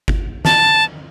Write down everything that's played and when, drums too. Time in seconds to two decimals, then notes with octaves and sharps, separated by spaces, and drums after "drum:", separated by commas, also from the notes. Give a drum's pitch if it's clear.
0.08 drum: kick G1
0.45 A5, drum: snare